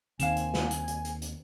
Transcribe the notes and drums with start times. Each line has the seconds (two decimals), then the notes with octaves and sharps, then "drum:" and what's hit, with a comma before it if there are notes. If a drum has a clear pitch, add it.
0.20 D#2 D#3 C4 F5 G#5 E7, drum: hi-hat
0.37 drum: hi-hat
0.54 drum: snare
0.71 drum: hi-hat
0.88 drum: hi-hat
1.05 drum: hi-hat
1.22 drum: hi-hat